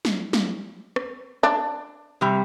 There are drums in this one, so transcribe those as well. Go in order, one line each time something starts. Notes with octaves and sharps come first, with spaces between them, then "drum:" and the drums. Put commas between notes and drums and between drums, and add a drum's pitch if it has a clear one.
drum: snare
drum: snare
drum: rim click
D4
C3 G3